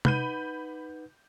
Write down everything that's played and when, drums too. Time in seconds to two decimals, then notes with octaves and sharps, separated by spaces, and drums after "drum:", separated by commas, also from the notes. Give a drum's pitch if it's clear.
0.05 D#4 B4 F#5 B5 G6 D#7, drum: tom C3